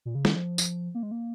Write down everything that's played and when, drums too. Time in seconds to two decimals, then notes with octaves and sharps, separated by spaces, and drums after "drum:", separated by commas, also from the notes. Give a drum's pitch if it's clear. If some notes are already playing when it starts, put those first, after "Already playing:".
0.05 A#2
0.15 C#3
0.25 D#3, drum: snare
0.35 F3
0.58 drum: tambourine
0.95 A#3
1.03 G#3
1.11 A#3